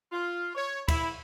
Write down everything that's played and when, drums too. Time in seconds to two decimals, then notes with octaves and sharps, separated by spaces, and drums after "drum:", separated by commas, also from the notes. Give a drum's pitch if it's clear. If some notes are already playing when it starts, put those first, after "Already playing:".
0.12 F4
0.55 C#5
0.88 E4, drum: kick D2, cymbal